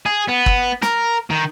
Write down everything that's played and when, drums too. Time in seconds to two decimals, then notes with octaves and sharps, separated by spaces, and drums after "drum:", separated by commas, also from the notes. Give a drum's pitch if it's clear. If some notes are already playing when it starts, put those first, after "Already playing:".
0.06 G#4
0.29 B3
0.46 drum: kick
0.82 A#4, drum: snare
1.30 D#3